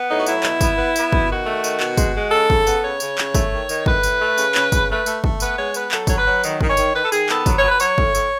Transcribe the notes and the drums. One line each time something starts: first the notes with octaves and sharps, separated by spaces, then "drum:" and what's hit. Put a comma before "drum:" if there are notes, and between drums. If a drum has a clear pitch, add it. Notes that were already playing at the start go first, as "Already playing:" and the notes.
Already playing: B3
A2 D#4
F#4
F#3 E4, drum: tambourine
B2, drum: clap
B3, drum: kick, tambourine
B3
B3, drum: tambourine
B2, drum: kick
D#3 F#4
A3
D#3, drum: tambourine
B2, drum: clap
G#3, drum: kick, tambourine
G#3
C#3 A4
C#3, drum: kick
B3, drum: tambourine
C#3 C#5
C#3, drum: tambourine
C#3, drum: clap
A3, drum: kick, tambourine
D#3
D#3, drum: tambourine
A2 B4, drum: kick
A2, drum: tambourine
A3
C#3, drum: tambourine
C#3, drum: clap
C#3, drum: kick, tambourine
A3 B4
A3, drum: tambourine
A3, drum: kick
B3 B4, drum: tambourine
G#3 C#5
B3 B4, drum: tambourine
F#3 A4, drum: clap
F#3 C#5, drum: kick, tambourine
B4
F#3
D#3, drum: tambourine
D#3, drum: kick
C#5
D#3, drum: tambourine
D#3 B4
A4
D#3 G#4, drum: tambourine
B3 A4, drum: clap
F#3, drum: kick, tambourine
C#5
F#3 B4
F#3 C#5, drum: tambourine
A2, drum: kick
A2, drum: tambourine